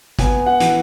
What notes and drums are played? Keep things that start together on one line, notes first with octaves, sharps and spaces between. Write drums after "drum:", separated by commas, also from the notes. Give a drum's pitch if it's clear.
B3 G#5, drum: kick, hi-hat
F#5
E3, drum: hi-hat